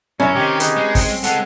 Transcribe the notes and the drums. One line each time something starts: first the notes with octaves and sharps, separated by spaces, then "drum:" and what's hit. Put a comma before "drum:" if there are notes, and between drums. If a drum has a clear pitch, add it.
F#2 C#4 E4 A#4 C#5 E5
D#3 C4 G4
D#4 G#4 B4, drum: hi-hat
G#3
C4, drum: kick, open hi-hat
G#3 C#4 A4 F#5, drum: hi-hat